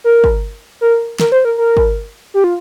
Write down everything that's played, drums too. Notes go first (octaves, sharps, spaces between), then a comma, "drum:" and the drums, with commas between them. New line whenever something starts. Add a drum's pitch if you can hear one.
A#4
drum: kick
A#4
A#4, drum: snare
C5
A#4
A#4
drum: kick
G4
F4